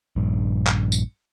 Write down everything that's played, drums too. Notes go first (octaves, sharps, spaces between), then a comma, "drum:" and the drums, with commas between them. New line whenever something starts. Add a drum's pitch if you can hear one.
A#1 G2
drum: clap
drum: tambourine